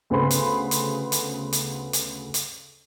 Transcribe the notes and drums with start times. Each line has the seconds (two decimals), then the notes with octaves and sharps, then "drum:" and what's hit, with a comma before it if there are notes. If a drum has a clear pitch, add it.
0.10 D2 C#3 B3 C5 B5 C6
0.31 drum: hi-hat
0.71 drum: hi-hat
1.12 drum: hi-hat
1.53 drum: hi-hat
1.93 drum: hi-hat
2.34 drum: hi-hat